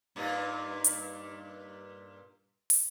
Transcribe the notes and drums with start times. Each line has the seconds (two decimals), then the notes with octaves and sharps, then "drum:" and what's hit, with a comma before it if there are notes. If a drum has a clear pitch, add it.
0.16 G2 A#2 D#4
0.84 drum: hi-hat
2.70 drum: open hi-hat